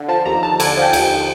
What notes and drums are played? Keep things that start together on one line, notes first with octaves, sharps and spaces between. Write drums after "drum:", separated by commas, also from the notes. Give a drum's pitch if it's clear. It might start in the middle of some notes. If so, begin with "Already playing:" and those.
Already playing: D3
F3 A5
D#2 A#5
D#2 A5
D3 G#5, drum: cymbal
F3
G5
D#2, drum: cymbal
G5